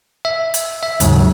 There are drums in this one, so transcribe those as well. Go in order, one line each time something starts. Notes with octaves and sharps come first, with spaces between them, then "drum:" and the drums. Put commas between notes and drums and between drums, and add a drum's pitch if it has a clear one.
E5
drum: hi-hat
E5
D#2 G#2 C#3 F#3, drum: hi-hat